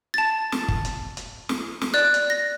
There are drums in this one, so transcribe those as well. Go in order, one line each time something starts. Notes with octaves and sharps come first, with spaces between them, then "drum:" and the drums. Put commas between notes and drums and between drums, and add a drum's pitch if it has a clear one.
A5 A6
drum: snare
drum: kick
drum: hi-hat
drum: hi-hat
drum: snare
drum: snare
D5 F#6
drum: hi-hat
A#6